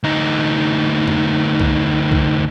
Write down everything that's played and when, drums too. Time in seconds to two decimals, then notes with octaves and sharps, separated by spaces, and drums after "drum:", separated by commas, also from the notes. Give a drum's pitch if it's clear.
0.03 D2 D#4
1.08 drum: tom F2
1.60 drum: kick C2
2.12 drum: kick C2